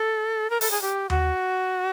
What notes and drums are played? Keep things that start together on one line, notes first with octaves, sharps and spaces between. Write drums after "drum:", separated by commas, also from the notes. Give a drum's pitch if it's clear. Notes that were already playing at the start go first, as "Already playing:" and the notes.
Already playing: A4
A#4
A4, drum: open hi-hat
G#4
G4
F#4, drum: tom D#2